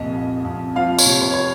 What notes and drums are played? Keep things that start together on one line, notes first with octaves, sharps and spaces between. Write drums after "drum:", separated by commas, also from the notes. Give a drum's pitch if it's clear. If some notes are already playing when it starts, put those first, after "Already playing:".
Already playing: C2 F2 A#2 D#5
F2
F2
F3 F5
C#5, drum: tambourine
C3
C#5
C#5